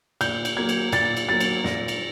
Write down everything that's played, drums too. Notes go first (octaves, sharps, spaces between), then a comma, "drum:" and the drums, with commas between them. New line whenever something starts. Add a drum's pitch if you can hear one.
A#2 G6, drum: cymbal
drum: cymbal
F#3 A#3 G#6
drum: cymbal
A#2 A6, drum: cymbal
drum: cymbal
F#3 A#3 A6
drum: cymbal
A#2 A#6, drum: snare
drum: cymbal